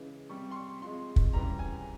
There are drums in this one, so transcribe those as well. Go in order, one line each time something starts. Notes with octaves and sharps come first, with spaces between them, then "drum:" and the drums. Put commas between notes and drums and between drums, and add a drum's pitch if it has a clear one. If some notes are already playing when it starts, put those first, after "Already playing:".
Already playing: C#3 E3 G#3
C3 G3 C#6
C6
C#6
C3 F3 G#3 C6
drum: kick
C#3 E3 G3 A#5
G#5